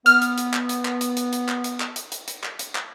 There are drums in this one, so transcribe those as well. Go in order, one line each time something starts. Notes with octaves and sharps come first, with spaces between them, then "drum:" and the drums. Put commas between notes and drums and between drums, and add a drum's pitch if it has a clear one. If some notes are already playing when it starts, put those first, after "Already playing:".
B3 F6, drum: hi-hat
drum: hi-hat
drum: hi-hat
drum: clap
drum: hi-hat
drum: clap
drum: hi-hat
drum: hi-hat
drum: hi-hat
drum: clap
drum: hi-hat
drum: clap
drum: hi-hat
drum: hi-hat
drum: hi-hat
drum: clap
drum: hi-hat
drum: clap